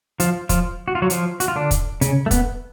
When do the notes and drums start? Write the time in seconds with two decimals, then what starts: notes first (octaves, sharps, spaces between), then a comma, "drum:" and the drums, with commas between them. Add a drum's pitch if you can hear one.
0.20 F3 F4, drum: hi-hat
0.49 F3 F4, drum: kick, hi-hat
0.88 F#4
0.95 F4
1.02 F#3 F#4
1.10 F3 F4, drum: hi-hat
1.40 F#4, drum: hi-hat
1.48 F4
1.56 D3 D4
1.71 drum: kick, hi-hat
2.01 C#3 C#4, drum: hi-hat
2.26 A3
2.31 B3, drum: kick, hi-hat